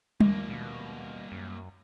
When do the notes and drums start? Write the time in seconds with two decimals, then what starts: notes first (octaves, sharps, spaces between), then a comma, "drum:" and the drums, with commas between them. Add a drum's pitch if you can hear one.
0.20 A#1 D#2 G3 A#3, drum: tom G3
0.50 B2
1.32 F#2